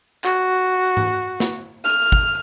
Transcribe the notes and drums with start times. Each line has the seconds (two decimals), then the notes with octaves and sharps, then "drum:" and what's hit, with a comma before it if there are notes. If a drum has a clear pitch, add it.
0.24 F#4, drum: clap
0.97 drum: tom G#2
1.40 drum: snare
1.84 F6
2.12 drum: kick